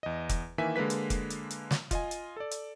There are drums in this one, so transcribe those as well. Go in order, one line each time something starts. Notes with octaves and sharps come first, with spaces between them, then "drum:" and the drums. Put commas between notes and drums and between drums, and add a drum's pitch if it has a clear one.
E2 D#5
drum: kick F1, hi-hat
D#3 E3 A#3 E5 G#5 B6
D3 G#3 A#3 B4 B6
drum: hi-hat
drum: kick F1, hi-hat
drum: hi-hat
drum: hi-hat
drum: snare
F4 D#5 G#5, drum: kick F1, hi-hat
drum: hi-hat
A4 D5
drum: hi-hat